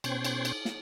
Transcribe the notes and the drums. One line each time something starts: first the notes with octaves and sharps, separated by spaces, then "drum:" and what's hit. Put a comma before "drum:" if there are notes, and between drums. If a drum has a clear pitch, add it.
B2 C#4 C5 G5 G#6, drum: cymbal
drum: cymbal
drum: cymbal
drum: snare